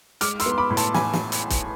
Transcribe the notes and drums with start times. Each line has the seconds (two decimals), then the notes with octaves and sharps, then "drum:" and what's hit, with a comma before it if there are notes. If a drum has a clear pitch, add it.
0.21 G#3 D6 F6, drum: hi-hat
0.40 C6 E6, drum: hi-hat
0.46 B3
0.52 C6
0.58 B5 D6
0.70 A2 B5
0.77 A5 C6, drum: hi-hat
0.94 A1 G#5 B5, drum: snare
1.13 drum: snare
1.32 drum: hi-hat
1.50 drum: kick, hi-hat